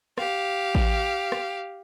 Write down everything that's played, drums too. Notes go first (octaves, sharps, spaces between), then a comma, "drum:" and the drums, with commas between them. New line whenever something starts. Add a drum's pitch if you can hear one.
G4 F5, drum: rim click
drum: kick A1
drum: rim click